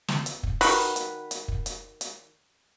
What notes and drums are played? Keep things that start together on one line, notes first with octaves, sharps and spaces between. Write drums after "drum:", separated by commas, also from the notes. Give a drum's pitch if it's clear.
drum: snare
drum: hi-hat
drum: kick
D#3 F#4 B4, drum: open hi-hat
drum: hi-hat
drum: hi-hat
drum: kick
drum: hi-hat
drum: hi-hat